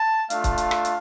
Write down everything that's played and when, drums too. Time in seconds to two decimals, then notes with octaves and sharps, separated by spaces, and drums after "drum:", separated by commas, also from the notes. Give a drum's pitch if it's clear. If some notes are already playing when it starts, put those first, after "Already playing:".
Already playing: A5
0.30 A3 D4 F4 F5, drum: hi-hat
0.44 drum: kick C#1, hi-hat
0.58 drum: hi-hat
0.71 drum: rim click
0.85 drum: hi-hat